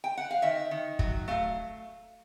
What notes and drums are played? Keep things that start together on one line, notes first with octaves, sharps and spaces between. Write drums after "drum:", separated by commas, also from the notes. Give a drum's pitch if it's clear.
G5
F#5
F5
D#3 E5
D#3
F#3, drum: kick
A3 F5